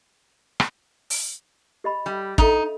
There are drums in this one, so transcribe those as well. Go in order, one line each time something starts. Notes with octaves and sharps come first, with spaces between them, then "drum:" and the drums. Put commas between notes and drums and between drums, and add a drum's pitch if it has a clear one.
drum: rim click
drum: open hi-hat
G4 D#5 B5
G3
D#4 A4 D#5 F5, drum: kick